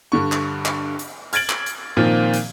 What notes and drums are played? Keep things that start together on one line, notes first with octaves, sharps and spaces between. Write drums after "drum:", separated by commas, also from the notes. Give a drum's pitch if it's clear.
G2 D3 C#6
drum: clap
drum: clap
drum: hi-hat
F6 G#6 A6 D7 F#7, drum: hi-hat
drum: clap
drum: hi-hat
A#2 D#3 F3 A#3 C4
drum: hi-hat